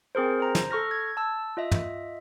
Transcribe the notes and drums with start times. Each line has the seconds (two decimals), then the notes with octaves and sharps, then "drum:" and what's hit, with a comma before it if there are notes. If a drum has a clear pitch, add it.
0.15 C4 G#4 A#4 C5
0.40 C5 A#5
0.55 drum: snare
0.71 A4 C#6 F6 A#6
0.91 G#6
1.17 A5 E6
1.57 F4 D#5 E5
1.72 drum: tom